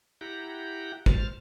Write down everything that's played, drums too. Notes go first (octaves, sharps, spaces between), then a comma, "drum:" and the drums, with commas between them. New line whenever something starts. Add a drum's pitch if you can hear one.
E4 G4 F#5 G5 A#5
G#2 C5 F6 A6, drum: kick